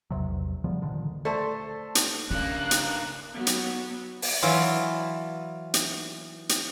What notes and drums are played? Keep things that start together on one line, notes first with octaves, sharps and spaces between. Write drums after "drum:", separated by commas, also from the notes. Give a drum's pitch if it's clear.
A#1 E2 C3 F#3
C#3 F3 G3 B3
C#2 A#2 D3 D#3
A3 A4 C5 D5 A5
drum: hi-hat
G2 C#3 A#3 F#6
drum: hi-hat
F#3 B3
drum: hi-hat
drum: open hi-hat
E3 F#3 E4 F4 D5
drum: hi-hat
drum: hi-hat